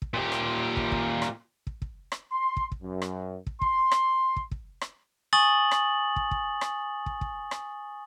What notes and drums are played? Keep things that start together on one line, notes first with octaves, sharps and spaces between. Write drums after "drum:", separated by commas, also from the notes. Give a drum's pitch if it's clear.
drum: kick
A#2 G4
drum: rim click
drum: kick
drum: kick
drum: rim click
drum: kick
drum: kick
drum: rim click
C6
drum: kick
drum: kick
F#2
drum: rim click
drum: kick
C6, drum: kick
drum: rim click
drum: kick
drum: kick
drum: rim click
G#5 C#6 D#6 A6 F#7
drum: rim click
drum: kick
drum: kick
drum: rim click
drum: kick
drum: kick
drum: rim click